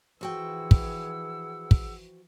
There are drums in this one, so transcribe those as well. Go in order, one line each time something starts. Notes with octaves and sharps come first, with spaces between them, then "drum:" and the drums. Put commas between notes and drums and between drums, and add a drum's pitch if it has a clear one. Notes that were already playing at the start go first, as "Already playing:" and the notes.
E3 F3 F#4 G#4 F#5 G5 E6
drum: kick
drum: kick